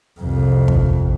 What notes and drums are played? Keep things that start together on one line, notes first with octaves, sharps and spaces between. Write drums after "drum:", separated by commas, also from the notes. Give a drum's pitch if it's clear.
C2 F2
drum: kick